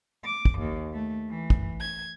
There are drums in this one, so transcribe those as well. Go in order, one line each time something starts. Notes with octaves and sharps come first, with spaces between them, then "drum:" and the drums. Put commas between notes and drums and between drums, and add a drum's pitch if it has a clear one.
D6
drum: kick
D#2
A3
E3
drum: kick
G#6